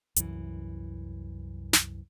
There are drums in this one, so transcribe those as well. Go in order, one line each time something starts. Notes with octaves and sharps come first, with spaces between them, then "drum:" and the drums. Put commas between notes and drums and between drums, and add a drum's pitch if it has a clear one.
C2 F#2 E3, drum: hi-hat
drum: snare